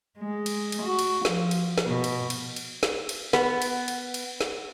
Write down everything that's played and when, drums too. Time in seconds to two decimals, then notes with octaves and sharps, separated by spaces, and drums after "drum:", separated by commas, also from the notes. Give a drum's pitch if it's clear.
0.19 G#3
0.46 drum: cymbal
0.72 drum: cymbal
0.82 F#4
0.99 drum: cymbal
1.25 F3, drum: snare
1.51 drum: cymbal
1.78 drum: snare
1.87 B2
2.04 drum: cymbal
2.30 drum: cymbal
2.56 drum: cymbal
2.83 drum: snare
3.09 drum: cymbal
3.33 B3, drum: snare
3.62 drum: cymbal
3.88 drum: cymbal
4.14 drum: cymbal
4.41 drum: snare